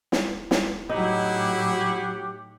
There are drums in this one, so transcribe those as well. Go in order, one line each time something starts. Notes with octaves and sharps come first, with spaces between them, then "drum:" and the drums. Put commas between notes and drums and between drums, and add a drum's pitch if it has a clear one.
drum: snare
drum: snare
A2 F#3 D#4 E4 G4 G#4 F#5